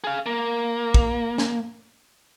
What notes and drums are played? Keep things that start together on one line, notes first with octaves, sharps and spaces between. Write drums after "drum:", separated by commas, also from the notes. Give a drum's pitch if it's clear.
G#4 F5
A#3
drum: kick
drum: snare